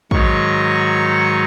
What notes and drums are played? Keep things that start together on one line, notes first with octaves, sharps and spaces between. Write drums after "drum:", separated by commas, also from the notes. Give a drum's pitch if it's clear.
G#2 D#3 F#3 C#6, drum: kick